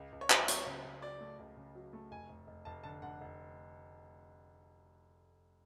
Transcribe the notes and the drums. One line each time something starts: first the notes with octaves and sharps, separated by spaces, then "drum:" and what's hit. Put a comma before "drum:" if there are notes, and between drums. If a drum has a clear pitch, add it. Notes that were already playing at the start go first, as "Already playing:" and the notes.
Already playing: C#2
C#2
C#5
F#3, drum: clap
F#3 C#5, drum: hi-hat
C#3
C#3
F#3 D5
A3
C#2
C#3
F#3
A3
F1 G#5
F1
F1
F1 A5
D3 A5
D3 F#5
F1